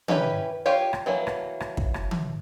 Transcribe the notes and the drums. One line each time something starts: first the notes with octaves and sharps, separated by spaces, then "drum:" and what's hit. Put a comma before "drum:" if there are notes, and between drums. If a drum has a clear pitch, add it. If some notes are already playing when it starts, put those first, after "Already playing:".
E3 C#4 G4 B4, drum: tom D#3
F4 G4 C#5 F5
drum: rim click
E3 F#3 A#3
drum: rim click
drum: rim click
drum: kick
drum: rim click
drum: tom D#3